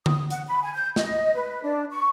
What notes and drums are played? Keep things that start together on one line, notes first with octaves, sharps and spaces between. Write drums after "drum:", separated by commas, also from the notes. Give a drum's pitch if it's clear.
D#6, drum: tom D3
F#5, drum: hi-hat
B5
G#5
G6
D#5, drum: snare
B4
D4
C#6